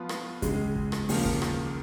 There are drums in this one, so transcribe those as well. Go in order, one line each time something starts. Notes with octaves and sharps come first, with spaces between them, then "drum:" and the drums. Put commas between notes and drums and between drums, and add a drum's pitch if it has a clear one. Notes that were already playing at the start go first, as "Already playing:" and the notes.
Already playing: F3 B3 F4 B4
drum: rim click
C#2 C#3 G#3, drum: kick, hi-hat
drum: kick
drum: rim click
D#2 C#3 F3 A#3, drum: open hi-hat
drum: kick
drum: rim click